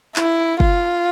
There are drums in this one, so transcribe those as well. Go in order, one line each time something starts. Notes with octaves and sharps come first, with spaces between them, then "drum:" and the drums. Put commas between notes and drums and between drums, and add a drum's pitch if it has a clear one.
E4, drum: clap
F4, drum: kick